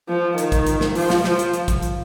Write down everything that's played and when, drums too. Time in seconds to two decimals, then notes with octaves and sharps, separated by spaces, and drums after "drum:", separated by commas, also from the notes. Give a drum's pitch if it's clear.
0.08 F3
0.38 D#3, drum: hi-hat
0.52 drum: kick, hi-hat
0.67 drum: hi-hat
0.81 drum: snare
0.95 F3, drum: open hi-hat
1.10 drum: snare
1.24 F3, drum: snare
1.39 drum: hi-hat
1.54 drum: hi-hat
1.68 drum: kick, hi-hat
1.82 drum: hi-hat